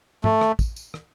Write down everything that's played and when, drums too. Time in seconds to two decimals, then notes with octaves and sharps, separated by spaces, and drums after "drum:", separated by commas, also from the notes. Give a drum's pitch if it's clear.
0.24 A3, drum: tom
0.41 drum: rim click
0.59 drum: kick, tambourine
0.76 drum: tambourine
0.94 drum: rim click